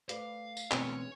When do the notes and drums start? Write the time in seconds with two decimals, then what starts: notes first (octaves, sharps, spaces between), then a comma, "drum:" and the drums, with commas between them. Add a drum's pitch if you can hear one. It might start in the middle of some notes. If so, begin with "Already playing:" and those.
0.09 A3 B4 D5 F5, drum: hi-hat
0.57 drum: tambourine
0.71 D2 B2 E3 G#3 C4 C#4 C#5 G#5, drum: clap